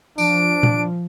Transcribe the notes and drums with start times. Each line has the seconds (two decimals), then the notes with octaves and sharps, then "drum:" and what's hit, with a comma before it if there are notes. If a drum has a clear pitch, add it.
0.18 F3 D4 D7, drum: tambourine
0.63 drum: tom A#2